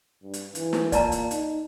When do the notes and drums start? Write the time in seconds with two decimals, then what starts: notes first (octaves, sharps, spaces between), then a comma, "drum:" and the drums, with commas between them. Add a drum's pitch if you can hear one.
0.24 G2
0.34 drum: hi-hat
0.55 E3, drum: hi-hat
0.73 drum: snare
0.92 A#2 D5 A5 A#5, drum: kick, hi-hat
1.12 drum: hi-hat
1.31 D#4, drum: hi-hat